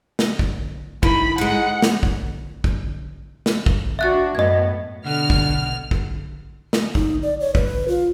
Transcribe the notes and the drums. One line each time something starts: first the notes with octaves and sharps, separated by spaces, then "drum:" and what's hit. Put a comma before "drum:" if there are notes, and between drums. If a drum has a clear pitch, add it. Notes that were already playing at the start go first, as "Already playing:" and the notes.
drum: snare
drum: kick
D#3 E4 B5, drum: kick
G#2 G#3 F#5
drum: snare
drum: kick
drum: kick
drum: snare
drum: kick
D4 F#4 E5 F#6 A6
F#2 A2 B3 D#5 G#6
B2 D3 F#5 F6
drum: kick
drum: kick
drum: snare
D#4, drum: kick
D5
C#5
B4, drum: kick
F4